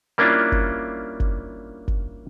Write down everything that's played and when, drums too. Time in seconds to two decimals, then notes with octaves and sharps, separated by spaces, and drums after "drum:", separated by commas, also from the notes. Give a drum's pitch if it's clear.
0.18 G3 A#3 C#4 D4 E4 F4
0.52 drum: kick
1.20 drum: kick
1.88 drum: kick